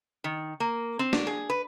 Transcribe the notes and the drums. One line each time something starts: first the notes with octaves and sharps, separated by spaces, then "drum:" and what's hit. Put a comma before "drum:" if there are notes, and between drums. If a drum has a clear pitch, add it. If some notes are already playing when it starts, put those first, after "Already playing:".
D#3
A#3
C4
D4, drum: snare
G#4
B4